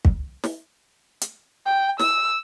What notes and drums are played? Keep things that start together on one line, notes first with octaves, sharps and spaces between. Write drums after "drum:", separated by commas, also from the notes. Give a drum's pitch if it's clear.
drum: kick
drum: snare
drum: hi-hat
G5
E6, drum: snare